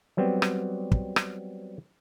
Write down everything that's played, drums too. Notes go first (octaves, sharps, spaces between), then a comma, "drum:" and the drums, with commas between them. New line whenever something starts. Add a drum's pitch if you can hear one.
F#3 G3 B3 C4
drum: rim click
drum: kick
drum: rim click